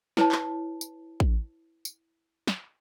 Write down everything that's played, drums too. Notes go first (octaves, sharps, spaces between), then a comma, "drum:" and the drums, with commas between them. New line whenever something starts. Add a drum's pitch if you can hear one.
E4 B4 C#5 A5, drum: snare
drum: clap
drum: tambourine
drum: kick A1
drum: tambourine
drum: snare